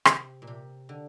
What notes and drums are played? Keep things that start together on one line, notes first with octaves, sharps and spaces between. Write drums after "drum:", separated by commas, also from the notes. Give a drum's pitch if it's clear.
C3, drum: rim click
A#2
C3
D3